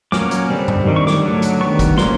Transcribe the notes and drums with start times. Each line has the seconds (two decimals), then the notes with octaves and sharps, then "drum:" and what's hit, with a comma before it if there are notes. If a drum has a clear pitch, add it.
0.12 F#3 A#3 C#4 D6, drum: snare
0.31 drum: hi-hat
0.50 D3 G3 C4
0.68 drum: tom G2
0.86 D#3 G3
0.96 C#6
1.07 D6, drum: snare
1.24 D3 F#3 A3
1.42 drum: hi-hat
1.61 D#3 G3 B3 C#6
1.79 drum: kick, hi-hat
1.97 F3 A#3 C#4 C6, drum: snare